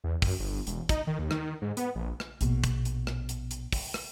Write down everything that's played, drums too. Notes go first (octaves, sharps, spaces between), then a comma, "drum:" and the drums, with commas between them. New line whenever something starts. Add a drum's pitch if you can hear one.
E2
F#2, drum: kick, open hi-hat
G1
E1, drum: hi-hat
D#4, drum: kick, hi-hat
D#3
D#2
D#3, drum: rim click
G#2
B3, drum: hi-hat
A#1
drum: rim click
A#1 B2, drum: hi-hat
drum: kick, hi-hat
drum: hi-hat
drum: rim click
drum: hi-hat
drum: hi-hat
drum: kick, open hi-hat
drum: rim click